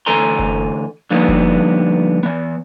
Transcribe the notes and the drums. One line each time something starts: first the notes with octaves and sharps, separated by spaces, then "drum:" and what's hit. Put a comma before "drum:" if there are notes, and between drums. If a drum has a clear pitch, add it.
D2 E3 A4 G#5 A#5 C6
drum: kick F#1
D3 F3 G3 A#3 B3 D#4
drum: kick F#1
E3 B3